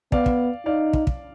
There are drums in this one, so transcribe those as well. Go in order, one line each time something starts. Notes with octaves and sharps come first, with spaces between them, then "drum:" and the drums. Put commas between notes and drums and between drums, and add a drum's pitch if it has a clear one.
B3 D5 F5, drum: kick
drum: kick
D#4 D5 F5
drum: kick
drum: kick